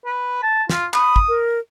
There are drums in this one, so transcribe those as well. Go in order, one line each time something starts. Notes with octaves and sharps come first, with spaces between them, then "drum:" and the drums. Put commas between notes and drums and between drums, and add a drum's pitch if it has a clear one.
B4
A5
F4, drum: snare
B5 D#6, drum: clap
drum: kick
A#4